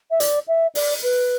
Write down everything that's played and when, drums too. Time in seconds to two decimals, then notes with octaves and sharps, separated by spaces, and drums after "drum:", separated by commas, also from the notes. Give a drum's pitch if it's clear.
0.11 E5
0.20 D5, drum: hi-hat
0.48 E5
0.75 D5, drum: open hi-hat
1.03 B4